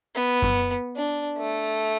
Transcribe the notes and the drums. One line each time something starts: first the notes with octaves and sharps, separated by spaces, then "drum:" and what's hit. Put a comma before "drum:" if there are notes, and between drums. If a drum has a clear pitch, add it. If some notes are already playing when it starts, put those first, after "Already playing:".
B3
drum: kick F#2
D4
A3